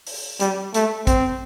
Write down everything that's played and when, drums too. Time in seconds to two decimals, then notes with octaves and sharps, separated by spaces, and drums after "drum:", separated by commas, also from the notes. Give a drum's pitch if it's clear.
0.07 drum: open hi-hat
0.40 G3, drum: hi-hat
0.74 A3, drum: hi-hat
1.07 C4, drum: kick, hi-hat